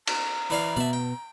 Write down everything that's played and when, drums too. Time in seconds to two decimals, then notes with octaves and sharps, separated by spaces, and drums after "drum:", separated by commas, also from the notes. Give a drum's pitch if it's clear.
0.07 A#5, drum: cymbal
0.50 E3 D5 F5
0.77 B2 B3 D5 E5
0.93 G5